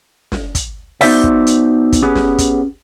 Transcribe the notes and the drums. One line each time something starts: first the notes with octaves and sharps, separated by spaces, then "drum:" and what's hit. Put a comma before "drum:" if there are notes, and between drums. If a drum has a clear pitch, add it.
drum: snare
drum: kick, hi-hat
B3 D#4 F#4 C5 D5 E5, drum: open hi-hat
drum: kick
drum: hi-hat
drum: kick, hi-hat
B3 C#4 G4 G#4
drum: snare
drum: kick, hi-hat